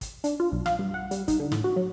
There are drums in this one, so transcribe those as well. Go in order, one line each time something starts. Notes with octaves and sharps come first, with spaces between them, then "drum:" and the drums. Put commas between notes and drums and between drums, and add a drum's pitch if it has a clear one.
drum: kick, hi-hat
D4, drum: hi-hat
F4
B1
F5, drum: snare
G2
F#5
G3, drum: hi-hat
D#4, drum: kick, hi-hat
D3
A2, drum: snare
F#4
F#3